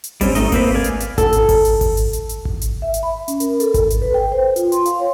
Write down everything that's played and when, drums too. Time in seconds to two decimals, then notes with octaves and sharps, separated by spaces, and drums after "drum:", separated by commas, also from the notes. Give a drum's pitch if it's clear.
0.04 drum: hi-hat
0.21 G3 C4 C#4, drum: kick G#1, open hi-hat
0.35 A3 D#4 D#5, drum: hi-hat
0.52 A#3 C4 B4, drum: kick G#1, open hi-hat
0.74 D5 F5 G#5
0.84 drum: hi-hat
1.00 drum: hi-hat
1.18 A4, drum: kick G#1, hi-hat
1.33 drum: hi-hat
1.49 drum: kick G#1, open hi-hat
1.65 drum: hi-hat
1.81 drum: kick G#1, open hi-hat
1.97 drum: hi-hat
2.13 drum: hi-hat
2.29 drum: hi-hat
2.45 drum: kick G#1
2.61 drum: hi-hat
2.82 E5
2.94 drum: hi-hat
3.03 B5
3.28 C#4, drum: hi-hat
3.40 A#4, drum: hi-hat
3.60 A4, drum: hi-hat
3.74 drum: kick G#1, hi-hat
3.90 drum: hi-hat
4.02 B4
4.14 G5
4.32 C5
4.56 F4, drum: hi-hat
4.72 C6, drum: hi-hat
4.85 F5, drum: hi-hat
5.00 C#5